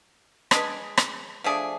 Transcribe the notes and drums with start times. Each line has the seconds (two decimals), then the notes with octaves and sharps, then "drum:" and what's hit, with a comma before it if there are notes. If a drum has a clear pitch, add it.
0.51 G#3 D4 G#4 B4, drum: rim click
0.97 drum: rim click
1.44 F3 A3 D4 G#4